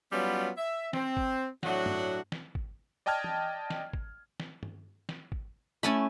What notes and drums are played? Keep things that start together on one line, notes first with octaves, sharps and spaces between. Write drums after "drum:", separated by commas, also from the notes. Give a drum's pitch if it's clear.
F#3 G3 B3 C#4 F4
E5
C4, drum: snare
drum: kick
A2 F#3 D4 F#4, drum: snare
drum: tom G2
drum: snare
drum: kick
D5 D#5 G5 A5 F6 G#6
drum: tom E3
drum: snare
drum: kick
drum: snare
drum: tom G2
drum: snare
drum: kick
A3 C#4 E4 G#5 A5 B5